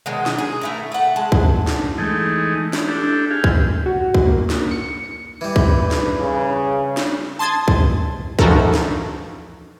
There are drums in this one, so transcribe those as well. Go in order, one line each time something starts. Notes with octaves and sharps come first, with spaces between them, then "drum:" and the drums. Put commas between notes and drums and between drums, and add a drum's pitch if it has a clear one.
B2 D#3 F#3 G#3
drum: snare
G#4
A3 E4 A#4
A3 F#5
G#3 A5
drum: kick
drum: snare
E3 G#3 A3 D#4
drum: snare
D4 E4 G4 A4
G4 G#4 F5
drum: kick
F#4
drum: kick
A#3
drum: snare
C#7
E3 G3 B4
drum: kick
drum: snare
C#3
drum: snare
A5 C6 D#6 G#6 A6
drum: kick
E3 F3 D#4 F#4 A4 A#4, drum: kick
drum: snare